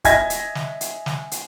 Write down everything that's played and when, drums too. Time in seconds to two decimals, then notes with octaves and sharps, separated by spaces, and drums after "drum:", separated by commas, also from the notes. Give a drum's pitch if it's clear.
0.04 D#5 E5 G#5 G#6 A#6, drum: kick, hi-hat
0.30 drum: hi-hat
0.55 drum: snare
0.81 drum: hi-hat
1.06 drum: snare
1.32 drum: hi-hat